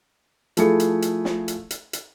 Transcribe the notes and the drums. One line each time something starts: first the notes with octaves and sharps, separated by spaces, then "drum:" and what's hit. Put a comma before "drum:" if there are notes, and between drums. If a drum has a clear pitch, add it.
F3 A3 E4 G#4 C#7, drum: hi-hat
drum: hi-hat
drum: hi-hat
drum: snare
drum: hi-hat
drum: hi-hat
drum: hi-hat